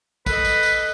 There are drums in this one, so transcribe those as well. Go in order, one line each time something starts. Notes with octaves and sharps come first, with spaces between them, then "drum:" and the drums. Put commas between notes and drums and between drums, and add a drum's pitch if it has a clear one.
A4 B4 D#5, drum: kick, tambourine
drum: tambourine
drum: tambourine